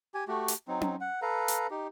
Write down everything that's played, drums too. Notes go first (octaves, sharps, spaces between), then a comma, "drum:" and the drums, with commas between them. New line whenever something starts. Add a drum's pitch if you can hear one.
G4 G#5
A3 F#4 G4
drum: hi-hat
F#3 C4 D#4
drum: tom C#4
F#5
A4 B4 F5 A#5
drum: hi-hat
D#4 G4